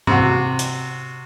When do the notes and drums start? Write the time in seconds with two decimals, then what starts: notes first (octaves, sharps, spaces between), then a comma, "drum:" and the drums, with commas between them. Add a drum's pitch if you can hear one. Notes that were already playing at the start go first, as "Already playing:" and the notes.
0.07 C3 F#4, drum: tom G#2
0.59 drum: hi-hat